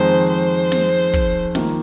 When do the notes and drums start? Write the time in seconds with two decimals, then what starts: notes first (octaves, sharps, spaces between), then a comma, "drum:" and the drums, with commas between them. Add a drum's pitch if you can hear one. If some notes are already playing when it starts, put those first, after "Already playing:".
Already playing: F2 D#3 G#3 C5
0.30 C5
0.72 drum: snare
1.13 drum: kick
1.55 D#3 A#3 F4, drum: snare